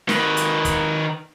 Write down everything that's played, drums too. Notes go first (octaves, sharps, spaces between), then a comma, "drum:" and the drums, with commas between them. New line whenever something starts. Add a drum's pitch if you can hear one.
D#3 B4, drum: snare
drum: hi-hat
drum: kick, hi-hat